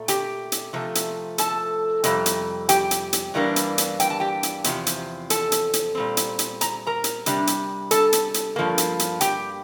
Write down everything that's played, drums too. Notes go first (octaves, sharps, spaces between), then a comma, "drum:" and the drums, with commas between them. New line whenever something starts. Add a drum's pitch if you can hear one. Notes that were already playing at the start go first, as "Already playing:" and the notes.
Already playing: A#2 A3
G4 G5, drum: hi-hat
drum: hi-hat
C3 F3 A3
drum: hi-hat
A4 A5, drum: hi-hat
F2 C3 G3, drum: hi-hat
drum: hi-hat
G4 G5, drum: hi-hat
drum: hi-hat
drum: hi-hat
G2 E3 G3 A#3 D4
drum: hi-hat
drum: hi-hat
G5, drum: hi-hat
A5
G4 G5
drum: hi-hat
E2 C3 F3, drum: hi-hat
drum: hi-hat
A4 A5, drum: hi-hat
drum: hi-hat
drum: hi-hat
A#2 G3 C4
drum: hi-hat
drum: hi-hat
A#5, drum: hi-hat
A#4 A#5
drum: hi-hat
C3 G3 D4, drum: hi-hat
drum: hi-hat
A4 A5, drum: hi-hat
drum: hi-hat
drum: hi-hat
G2 F3 A#3
drum: hi-hat
drum: hi-hat
G4 G5, drum: hi-hat